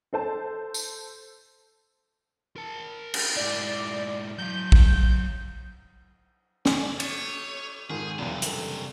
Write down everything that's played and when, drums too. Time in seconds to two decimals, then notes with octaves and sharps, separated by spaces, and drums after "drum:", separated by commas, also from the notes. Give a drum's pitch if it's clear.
0.13 A4 C5 A5
0.74 drum: tambourine
2.56 A#4 A5
3.14 drum: cymbal
3.36 G#2 E4 D5
4.38 F#3 F5 G6
4.72 drum: kick A#1
6.66 C#4 D5, drum: snare
7.00 C#5, drum: cymbal
7.90 F2 G#2 D#3 G#4
8.18 B1 E2 G2 C3
8.42 F#1 A4, drum: hi-hat